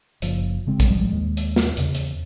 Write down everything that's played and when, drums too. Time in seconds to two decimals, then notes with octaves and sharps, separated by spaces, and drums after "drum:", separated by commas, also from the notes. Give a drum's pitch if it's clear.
0.22 F#1 F3, drum: hi-hat
0.67 C#3 G#3 C4
0.80 drum: kick B1, hi-hat
0.90 A2 F3 G3 G#3
1.12 D#2 G#3
1.37 drum: hi-hat
1.56 drum: snare
1.77 E2 C#3, drum: hi-hat
1.95 drum: hi-hat